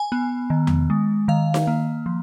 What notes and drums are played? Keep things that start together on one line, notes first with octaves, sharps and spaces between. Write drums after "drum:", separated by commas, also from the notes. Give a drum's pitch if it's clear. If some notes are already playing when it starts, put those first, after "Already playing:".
Already playing: G#5
B3
D#3
drum: tom E2
G#3
D#3 F5
drum: snare D#4
A#3
F3